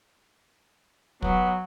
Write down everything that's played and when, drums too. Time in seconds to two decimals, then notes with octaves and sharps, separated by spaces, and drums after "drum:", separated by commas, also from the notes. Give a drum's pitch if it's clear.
1.22 F#3 B3, drum: kick